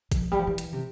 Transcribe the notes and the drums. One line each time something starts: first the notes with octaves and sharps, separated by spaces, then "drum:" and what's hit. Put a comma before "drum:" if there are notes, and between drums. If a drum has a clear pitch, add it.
F3, drum: kick A1, hi-hat
G3
F3
E3
drum: hi-hat
C3